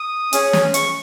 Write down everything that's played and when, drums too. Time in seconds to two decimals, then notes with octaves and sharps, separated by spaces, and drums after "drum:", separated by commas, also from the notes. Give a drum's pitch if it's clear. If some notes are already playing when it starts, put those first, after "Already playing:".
Already playing: D#6
0.33 C#4 G#4, drum: hi-hat
0.53 drum: snare
0.74 C#6, drum: hi-hat